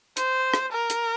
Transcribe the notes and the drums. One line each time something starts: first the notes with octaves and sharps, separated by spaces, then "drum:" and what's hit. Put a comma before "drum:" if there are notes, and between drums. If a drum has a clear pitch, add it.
C5, drum: hi-hat
drum: rim click
A#4
drum: hi-hat